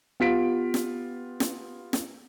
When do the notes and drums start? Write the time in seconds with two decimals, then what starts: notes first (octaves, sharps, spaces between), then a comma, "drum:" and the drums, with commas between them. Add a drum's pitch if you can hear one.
0.20 B3 F4 G4 B6 D7
0.74 drum: snare
1.40 drum: snare
1.93 drum: snare